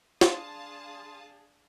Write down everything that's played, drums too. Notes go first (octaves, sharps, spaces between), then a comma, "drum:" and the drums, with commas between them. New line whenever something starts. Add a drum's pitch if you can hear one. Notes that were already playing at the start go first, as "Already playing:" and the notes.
D4 G#4 F5 A5 C6 D#6, drum: snare